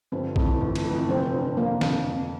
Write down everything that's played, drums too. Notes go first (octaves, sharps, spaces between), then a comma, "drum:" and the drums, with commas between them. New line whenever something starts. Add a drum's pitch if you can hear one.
G1 C4
F2 E3 A3, drum: kick
G1
drum: cymbal
F2 E3 A3
F1 C4
F2 D3
F1 A#3
F2 D3, drum: snare
F2